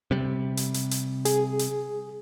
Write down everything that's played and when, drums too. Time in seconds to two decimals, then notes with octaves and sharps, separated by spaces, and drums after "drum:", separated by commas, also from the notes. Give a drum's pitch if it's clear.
0.11 C3 G3
0.57 drum: hi-hat
0.74 drum: hi-hat
0.91 drum: hi-hat
1.25 G#4, drum: hi-hat
1.59 drum: hi-hat